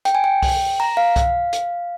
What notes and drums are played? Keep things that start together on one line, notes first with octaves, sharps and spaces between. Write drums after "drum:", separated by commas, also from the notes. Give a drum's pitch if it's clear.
G5, drum: hi-hat
G#5
G5
drum: kick C2, open hi-hat
A#5
F5
drum: kick C2, hi-hat
drum: hi-hat